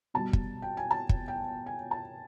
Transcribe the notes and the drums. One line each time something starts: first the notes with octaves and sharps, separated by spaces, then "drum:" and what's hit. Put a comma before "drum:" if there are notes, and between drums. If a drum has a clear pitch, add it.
B2 G3 A5
drum: kick
G5
G#5
A5
drum: kick
G5
G#5
A5